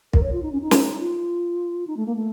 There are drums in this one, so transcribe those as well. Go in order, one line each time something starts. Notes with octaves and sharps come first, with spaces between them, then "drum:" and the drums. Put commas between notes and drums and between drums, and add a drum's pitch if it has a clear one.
A#4, drum: kick
C#5
F4
D#4
C#4
D#4
drum: snare
F4
D#4
A3
A#3
A3